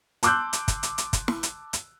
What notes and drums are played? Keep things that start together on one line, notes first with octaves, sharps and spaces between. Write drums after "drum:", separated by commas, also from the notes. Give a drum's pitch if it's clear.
A5 C6 D6 E6 F#6 G6, drum: hi-hat
drum: hi-hat
drum: kick, hi-hat
drum: hi-hat
drum: hi-hat
drum: kick, hi-hat
drum: snare
drum: hi-hat
drum: hi-hat